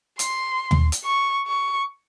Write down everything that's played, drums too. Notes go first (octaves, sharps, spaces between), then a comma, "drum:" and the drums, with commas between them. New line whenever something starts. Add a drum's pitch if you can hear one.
C6, drum: hi-hat
drum: tom D#2
drum: hi-hat
C#6
C#6